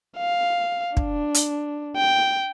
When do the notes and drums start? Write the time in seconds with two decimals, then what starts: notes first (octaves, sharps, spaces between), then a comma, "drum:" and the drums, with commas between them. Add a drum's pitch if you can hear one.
0.17 F5
0.97 D4, drum: kick
1.34 drum: hi-hat
1.97 G5